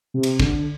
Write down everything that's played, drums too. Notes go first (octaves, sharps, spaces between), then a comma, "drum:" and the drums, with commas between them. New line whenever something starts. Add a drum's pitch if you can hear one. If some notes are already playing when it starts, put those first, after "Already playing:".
C3
drum: cymbal
D3, drum: kick